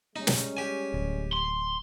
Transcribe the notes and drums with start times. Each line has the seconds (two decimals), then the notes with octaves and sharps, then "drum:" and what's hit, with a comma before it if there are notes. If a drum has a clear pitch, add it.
0.16 G3 G#3 C#4 D#4
0.27 drum: snare
0.57 G4 G#5
0.94 D1
1.33 C6